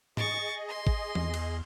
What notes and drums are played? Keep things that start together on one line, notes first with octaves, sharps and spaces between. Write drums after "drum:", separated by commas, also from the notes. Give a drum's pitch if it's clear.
G#4 D#5 C#6 A6, drum: tom G#2
C6
drum: kick G#1
E2, drum: tom E3
drum: cymbal